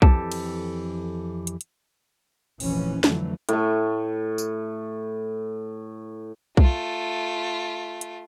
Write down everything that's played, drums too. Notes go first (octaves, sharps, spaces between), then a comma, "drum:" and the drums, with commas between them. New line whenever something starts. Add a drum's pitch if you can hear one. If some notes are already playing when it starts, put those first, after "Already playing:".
F2 E3 G4 A4 A5, drum: kick B1
drum: cymbal
drum: hi-hat
drum: hi-hat
F1 A#1 E3 F3 C#4, drum: open hi-hat
F2 D3 E3 F#3 A3, drum: snare
A2 A3, drum: hi-hat
drum: tambourine
A3 F4, drum: kick B1
drum: hi-hat